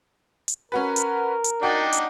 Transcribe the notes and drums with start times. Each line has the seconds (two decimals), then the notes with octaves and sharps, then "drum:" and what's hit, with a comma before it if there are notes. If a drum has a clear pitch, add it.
0.48 drum: hi-hat
0.72 C#4 F#4 A#4 B4
0.96 drum: hi-hat
1.44 drum: hi-hat
1.63 D4 D#4 F#4 D5 G5
1.92 drum: hi-hat